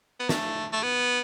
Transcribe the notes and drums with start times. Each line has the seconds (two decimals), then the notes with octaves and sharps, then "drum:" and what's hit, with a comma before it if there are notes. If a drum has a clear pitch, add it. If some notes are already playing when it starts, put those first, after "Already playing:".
0.20 B3
0.29 A3, drum: snare
0.73 A3
0.83 B3